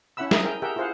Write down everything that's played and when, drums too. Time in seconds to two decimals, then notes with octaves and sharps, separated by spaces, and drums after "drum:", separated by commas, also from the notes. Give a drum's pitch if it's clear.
0.17 C#4 E4 E5 F#5 B5 E6
0.31 E4 G#4 A#4 D#5 A#5 D#6, drum: snare
0.45 A#4 G5
0.62 G4 G#4 A#4 E5 F#5 G5
0.76 E4 F4 G#4 C5 F5 F#5